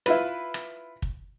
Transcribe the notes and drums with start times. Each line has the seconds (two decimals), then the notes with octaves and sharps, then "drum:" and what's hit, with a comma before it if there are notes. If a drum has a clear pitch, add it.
0.06 E4 F4 B4, drum: rim click
0.54 drum: rim click
1.02 drum: kick